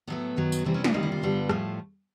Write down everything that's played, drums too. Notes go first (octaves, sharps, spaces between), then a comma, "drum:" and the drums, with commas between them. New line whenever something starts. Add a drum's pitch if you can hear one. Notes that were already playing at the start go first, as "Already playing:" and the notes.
A2 F#3 A3 B3
F#2 D#3 F#3
drum: tambourine
E2 C3 E3 G3 C4
C#4
D4, drum: snare
D2 C3 D#3 G3 A#3 D#4
E4
F4
G2 D3 G3 B3
A2 F3 A3, drum: rim click